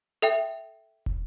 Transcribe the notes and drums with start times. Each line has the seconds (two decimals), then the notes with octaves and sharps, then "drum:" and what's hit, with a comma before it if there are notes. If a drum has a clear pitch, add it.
0.22 A4 E5 G5
1.06 drum: kick